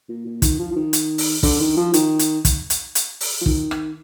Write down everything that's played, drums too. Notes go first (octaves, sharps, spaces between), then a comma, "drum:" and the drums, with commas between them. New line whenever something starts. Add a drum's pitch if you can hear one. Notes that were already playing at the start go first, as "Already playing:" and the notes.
A#2
A#2
D#3, drum: kick, hi-hat
F3
F3
D#3
drum: hi-hat
drum: open hi-hat
D3, drum: kick, open hi-hat
D#3
F3
D#3, drum: hi-hat
drum: hi-hat
drum: kick, hi-hat
drum: hi-hat
drum: hi-hat
drum: open hi-hat
F3
D#3, drum: kick
drum: rim click